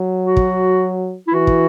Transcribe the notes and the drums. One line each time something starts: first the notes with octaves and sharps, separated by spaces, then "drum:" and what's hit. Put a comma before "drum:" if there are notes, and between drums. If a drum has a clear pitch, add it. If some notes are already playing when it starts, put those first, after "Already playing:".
Already playing: F#3
F#4
drum: kick
E4
E3 F#4
drum: kick